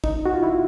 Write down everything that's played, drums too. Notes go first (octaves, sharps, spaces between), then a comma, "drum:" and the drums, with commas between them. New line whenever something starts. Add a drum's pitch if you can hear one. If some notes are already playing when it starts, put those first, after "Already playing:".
D#4, drum: kick
F#4
F4
E4